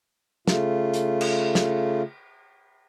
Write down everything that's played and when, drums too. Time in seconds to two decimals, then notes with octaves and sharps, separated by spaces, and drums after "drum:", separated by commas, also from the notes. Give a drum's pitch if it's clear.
0.48 C#3 A3 F4, drum: snare
0.94 drum: hi-hat
1.21 drum: cymbal
1.55 drum: snare